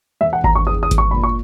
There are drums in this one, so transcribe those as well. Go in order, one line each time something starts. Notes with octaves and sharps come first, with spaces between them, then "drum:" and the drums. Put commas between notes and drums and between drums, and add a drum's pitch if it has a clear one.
E1 E5
F#5
E1 A#5, drum: kick G#1
C#6
E2 D#6
D#6
E1, drum: kick G#1, hi-hat
C#6
A#2 B5
C#6